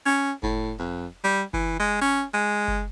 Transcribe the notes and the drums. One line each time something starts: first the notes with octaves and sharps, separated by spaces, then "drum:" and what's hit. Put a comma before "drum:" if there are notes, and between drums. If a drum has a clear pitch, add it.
C#4
A2, drum: kick F#1
F2
G3
E3, drum: kick F#1
G#3
C#4
G#3
drum: kick F#1